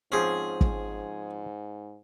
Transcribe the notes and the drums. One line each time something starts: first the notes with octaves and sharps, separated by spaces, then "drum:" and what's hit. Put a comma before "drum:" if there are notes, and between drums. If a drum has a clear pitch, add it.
G#2 F3 C4 C#4 G#4
drum: kick